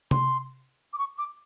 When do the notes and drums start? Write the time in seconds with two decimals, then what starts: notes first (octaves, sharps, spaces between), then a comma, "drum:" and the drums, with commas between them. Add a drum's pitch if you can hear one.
0.11 C6, drum: tom C3
0.93 D6
0.98 C#6
1.18 D6